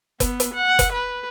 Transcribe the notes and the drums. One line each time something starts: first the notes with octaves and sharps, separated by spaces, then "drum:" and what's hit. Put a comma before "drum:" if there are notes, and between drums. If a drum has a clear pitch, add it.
B3, drum: kick F#1, hi-hat
drum: hi-hat
F#5
drum: kick F#1, hi-hat
B4